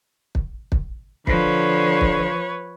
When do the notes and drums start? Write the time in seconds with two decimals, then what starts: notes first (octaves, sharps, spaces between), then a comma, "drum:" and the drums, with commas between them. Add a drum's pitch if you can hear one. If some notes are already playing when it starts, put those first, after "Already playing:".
0.35 drum: kick
0.72 drum: kick
1.27 D3 F3 B4 C#5, drum: kick
2.01 drum: kick